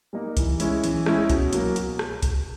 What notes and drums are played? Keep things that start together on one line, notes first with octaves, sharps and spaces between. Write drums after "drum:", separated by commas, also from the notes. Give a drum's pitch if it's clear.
G3 A#3 D#4
E3, drum: kick C2, hi-hat
G#3 C#4 E4, drum: hi-hat
E3, drum: hi-hat
G#3 C#4 E4, drum: rim click
B2, drum: kick C2, hi-hat
F#3 A#3, drum: hi-hat
B2, drum: hi-hat
drum: rim click
drum: kick C2, hi-hat